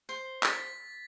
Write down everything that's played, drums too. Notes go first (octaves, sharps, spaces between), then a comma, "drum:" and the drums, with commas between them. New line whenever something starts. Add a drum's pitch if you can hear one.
C5
A6 B6, drum: clap